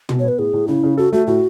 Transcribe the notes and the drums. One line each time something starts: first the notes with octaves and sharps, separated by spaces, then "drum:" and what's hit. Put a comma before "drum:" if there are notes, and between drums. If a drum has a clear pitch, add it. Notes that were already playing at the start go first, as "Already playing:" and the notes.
B2, drum: tom
C#5
B3
B4
A2 G#4
A2
C#3 E4
C#3
F#4 A4
A3 F#4
A2 F#4